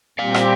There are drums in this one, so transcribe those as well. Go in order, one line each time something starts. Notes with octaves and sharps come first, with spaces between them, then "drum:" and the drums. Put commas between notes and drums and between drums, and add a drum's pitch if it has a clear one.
A#2 G3 C4 G4 D5 F5
drum: rim click